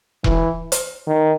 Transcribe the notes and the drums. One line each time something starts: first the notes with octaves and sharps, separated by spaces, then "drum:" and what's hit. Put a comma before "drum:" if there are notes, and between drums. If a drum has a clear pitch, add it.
E3, drum: kick E1
drum: hi-hat
D#3